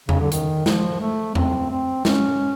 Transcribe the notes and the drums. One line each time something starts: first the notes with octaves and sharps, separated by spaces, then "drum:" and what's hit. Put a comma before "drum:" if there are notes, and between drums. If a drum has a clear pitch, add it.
C#3, drum: tom E2
D3
D#3, drum: hi-hat
F3, drum: snare
A3
C4, drum: tom E2
C4
C#4, drum: snare